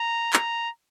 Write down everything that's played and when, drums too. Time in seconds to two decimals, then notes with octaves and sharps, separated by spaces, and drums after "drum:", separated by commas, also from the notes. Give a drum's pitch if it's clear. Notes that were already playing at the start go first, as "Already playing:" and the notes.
Already playing: A#5
0.33 A#5, drum: clap